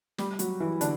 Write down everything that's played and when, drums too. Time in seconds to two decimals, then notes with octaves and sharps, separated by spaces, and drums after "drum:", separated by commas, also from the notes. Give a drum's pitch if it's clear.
0.18 G3 G4, drum: snare
0.39 F#3 F#4, drum: hi-hat
0.60 E3 E4
0.81 D3 D4, drum: hi-hat